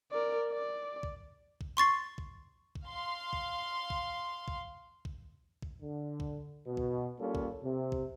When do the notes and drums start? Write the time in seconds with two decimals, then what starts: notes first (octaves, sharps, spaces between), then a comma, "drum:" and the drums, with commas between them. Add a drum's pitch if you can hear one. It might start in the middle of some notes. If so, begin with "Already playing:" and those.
0.12 A#4 D5
0.51 D5
1.03 drum: kick
1.61 drum: kick
1.77 C6 C#6 A6 C7
2.18 drum: kick
2.75 drum: kick
2.85 F5 C6
3.33 drum: kick
3.90 drum: kick
4.48 drum: kick
5.05 drum: kick
5.62 drum: kick
5.82 D3
6.20 drum: kick
6.67 B2
6.77 drum: kick
7.20 G3 A#3 C#4 F4 A4
7.35 drum: kick
7.63 C3
7.92 drum: kick